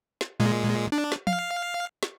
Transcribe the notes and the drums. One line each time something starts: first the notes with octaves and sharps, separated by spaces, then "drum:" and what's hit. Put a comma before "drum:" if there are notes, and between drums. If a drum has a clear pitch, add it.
drum: snare
A#2 G#3
D4
drum: snare
F5, drum: tom
drum: snare